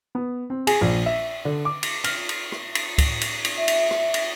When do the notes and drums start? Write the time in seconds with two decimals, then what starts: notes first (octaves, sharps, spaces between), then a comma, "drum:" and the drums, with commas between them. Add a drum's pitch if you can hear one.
0.15 B3
0.50 C4
0.67 G#4, drum: cymbal
0.81 A#1
1.06 E5
1.45 D3
1.65 D6
1.83 drum: cymbal
2.04 F6, drum: cymbal
2.29 drum: cymbal
2.52 drum: rim click
2.75 drum: cymbal
2.98 drum: kick C#2, cymbal
3.21 drum: cymbal
3.45 drum: cymbal
3.58 E5
3.68 drum: cymbal
3.91 drum: rim click
4.14 drum: cymbal